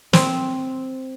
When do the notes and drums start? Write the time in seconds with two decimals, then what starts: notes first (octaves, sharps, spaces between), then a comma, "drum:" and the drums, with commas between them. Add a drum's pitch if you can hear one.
0.13 C4, drum: snare